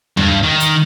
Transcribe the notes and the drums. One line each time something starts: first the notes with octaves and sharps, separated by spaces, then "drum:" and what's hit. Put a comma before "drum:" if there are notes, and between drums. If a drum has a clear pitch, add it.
G2, drum: tom D#2
D#3
drum: hi-hat